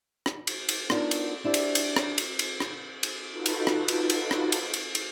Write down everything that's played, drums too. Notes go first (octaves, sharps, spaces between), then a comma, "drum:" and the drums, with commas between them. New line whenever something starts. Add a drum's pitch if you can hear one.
drum: rim click
drum: cymbal
drum: cymbal
B3 D4 D#4 F4 A#4, drum: rim click
drum: cymbal
D4 E4 G4 C5
drum: cymbal
drum: cymbal
drum: rim click
drum: cymbal
drum: cymbal
drum: rim click
drum: cymbal
D#4 F4 F#4 A4 B4
drum: cymbal
drum: rim click
drum: cymbal
drum: cymbal
drum: rim click
drum: cymbal
drum: cymbal
drum: cymbal